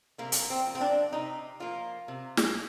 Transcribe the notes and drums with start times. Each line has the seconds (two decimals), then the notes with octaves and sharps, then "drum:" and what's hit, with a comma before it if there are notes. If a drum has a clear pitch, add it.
0.18 C3 A#3
0.32 drum: hi-hat
0.50 C4
0.65 F3 A#3
0.75 C4
0.81 D4
1.12 C3 D#4
1.60 F3 A#3 F4
2.08 C3
2.37 drum: snare